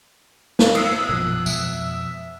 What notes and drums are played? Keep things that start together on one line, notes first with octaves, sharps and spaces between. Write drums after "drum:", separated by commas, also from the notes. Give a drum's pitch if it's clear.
drum: snare
D#6 E6, drum: cymbal
A#1 F#2 B2 D3 F3 F#6
F2 G#3 E5, drum: tambourine